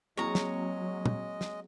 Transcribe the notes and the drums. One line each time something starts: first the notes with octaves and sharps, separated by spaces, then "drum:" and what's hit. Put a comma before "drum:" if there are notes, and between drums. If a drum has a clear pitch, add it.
F#3 G#3 A#3 C4 G#4 C#5 D#5 A#5
drum: snare
drum: tom
drum: snare